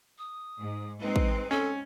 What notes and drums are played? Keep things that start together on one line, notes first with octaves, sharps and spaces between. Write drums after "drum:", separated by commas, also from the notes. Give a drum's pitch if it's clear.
D#6
G#2
G#3 C4 D#4 B4
drum: kick
C#4 A4